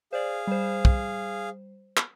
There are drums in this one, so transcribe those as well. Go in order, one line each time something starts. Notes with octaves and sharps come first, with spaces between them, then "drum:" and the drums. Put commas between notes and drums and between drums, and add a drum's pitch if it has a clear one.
G#4 C5 D5 F5
G3 C5
drum: kick
drum: clap